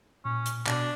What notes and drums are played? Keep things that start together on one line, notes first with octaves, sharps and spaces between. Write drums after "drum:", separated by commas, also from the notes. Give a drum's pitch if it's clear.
A#2 C#4
drum: hi-hat
B2 D4, drum: clap